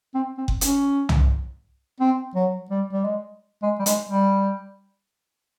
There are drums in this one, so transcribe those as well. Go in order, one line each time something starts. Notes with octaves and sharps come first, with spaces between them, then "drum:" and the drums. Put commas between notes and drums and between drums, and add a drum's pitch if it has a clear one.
C4
C4
drum: kick F#1
C#4, drum: hi-hat
drum: tom
C4
F#3
G3
G3
G#3
G#3
G3
G#3, drum: hi-hat
G3